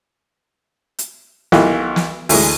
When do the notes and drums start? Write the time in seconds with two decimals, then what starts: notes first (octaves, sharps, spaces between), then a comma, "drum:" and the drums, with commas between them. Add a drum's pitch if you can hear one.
0.99 drum: hi-hat
1.52 B1 E3 A#3 G4 D#5 F5, drum: snare
1.96 drum: snare
2.29 D2 E3 G#3, drum: open hi-hat